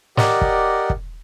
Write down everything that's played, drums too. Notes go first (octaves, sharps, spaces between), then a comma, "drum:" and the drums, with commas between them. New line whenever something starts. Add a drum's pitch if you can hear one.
G4 A#4 D5 D#5 F#5, drum: snare
drum: kick
drum: kick